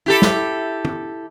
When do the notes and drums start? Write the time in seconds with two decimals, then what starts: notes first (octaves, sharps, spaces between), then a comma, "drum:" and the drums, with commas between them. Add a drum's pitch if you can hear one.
0.06 E4 G4 A4
0.22 drum: snare
0.85 drum: tom